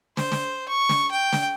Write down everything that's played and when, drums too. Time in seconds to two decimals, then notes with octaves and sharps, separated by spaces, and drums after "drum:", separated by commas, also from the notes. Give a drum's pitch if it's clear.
0.17 C5, drum: snare
0.32 drum: snare
0.69 C#6
0.89 drum: snare
1.12 G5
1.33 drum: snare